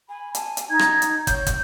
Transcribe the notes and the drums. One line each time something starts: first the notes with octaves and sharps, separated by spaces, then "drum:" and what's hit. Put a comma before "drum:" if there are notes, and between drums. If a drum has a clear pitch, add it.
G#5 B5
A5, drum: hi-hat
drum: hi-hat
D#4 G#6
drum: rim click
drum: hi-hat
C#5 G6, drum: kick, hi-hat
drum: kick, hi-hat